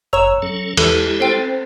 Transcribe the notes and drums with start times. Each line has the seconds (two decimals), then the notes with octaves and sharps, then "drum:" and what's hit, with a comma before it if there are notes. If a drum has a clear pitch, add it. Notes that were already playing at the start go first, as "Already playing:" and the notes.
0.13 G1 F#2 C#5 A#5 E6 F7
0.42 F#3 C#4 A4
0.77 E2 G#3 E4 G4 A4, drum: cymbal
1.20 C4 A4 C5 G5 A6 C7